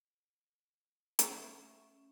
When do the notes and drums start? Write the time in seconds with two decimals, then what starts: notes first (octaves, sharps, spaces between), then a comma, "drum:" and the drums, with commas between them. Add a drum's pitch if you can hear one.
1.19 A3 C#4 E5 C#6 E7, drum: hi-hat